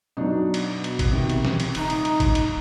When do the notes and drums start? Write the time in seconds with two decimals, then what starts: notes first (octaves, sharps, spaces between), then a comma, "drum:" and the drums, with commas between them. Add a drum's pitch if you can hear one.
0.17 B2 F#3 D4 D#4
0.54 drum: cymbal
0.84 drum: cymbal
0.99 drum: kick, cymbal
1.11 C3 D#3
1.29 drum: cymbal
1.45 drum: snare
1.60 drum: cymbal
1.75 D#1 D#4, drum: cymbal
1.90 drum: cymbal
2.05 drum: cymbal
2.20 drum: kick, cymbal
2.35 drum: cymbal